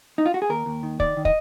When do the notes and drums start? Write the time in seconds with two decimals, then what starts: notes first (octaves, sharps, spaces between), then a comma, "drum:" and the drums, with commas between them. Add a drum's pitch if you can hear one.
0.18 D#4
0.26 F4
0.34 F#4
0.42 G#4
0.49 D#2 A#4
0.66 D#2
0.83 D#3
1.00 D#3 D5, drum: kick
1.17 D#3
1.25 D#5, drum: kick